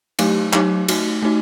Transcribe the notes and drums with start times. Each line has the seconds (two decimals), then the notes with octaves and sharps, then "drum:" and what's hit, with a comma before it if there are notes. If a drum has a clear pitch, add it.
0.19 F#3 A3 D#4 G4, drum: cymbal
0.53 F#3 A3 D#4 G4, drum: clap
0.88 A3 D#4 F#4, drum: cymbal
1.22 A3 D#4 F#4